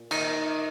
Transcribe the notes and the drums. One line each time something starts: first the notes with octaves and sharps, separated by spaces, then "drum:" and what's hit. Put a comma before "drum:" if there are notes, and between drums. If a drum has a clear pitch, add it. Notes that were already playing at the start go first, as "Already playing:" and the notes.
Already playing: A#2
D#3 D#4, drum: cymbal